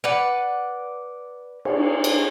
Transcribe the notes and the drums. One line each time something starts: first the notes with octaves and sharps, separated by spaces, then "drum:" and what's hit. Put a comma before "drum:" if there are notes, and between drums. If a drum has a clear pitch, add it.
B4 D5 F#5
drum: cymbal
drum: cymbal